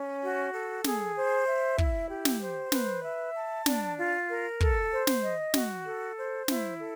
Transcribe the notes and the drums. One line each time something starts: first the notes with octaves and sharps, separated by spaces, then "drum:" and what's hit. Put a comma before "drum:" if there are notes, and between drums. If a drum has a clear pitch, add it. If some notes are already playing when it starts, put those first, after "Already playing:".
Already playing: C#4
F#4
A4
G#4, drum: snare
C5
E5
E4, drum: kick
G4
drum: snare
C5
B4, drum: snare
E5
A5
D4, drum: snare
F4
A#4
A4, drum: kick
C5
drum: snare
D#5
F#4, drum: snare
A4
C5
E4, drum: snare
A4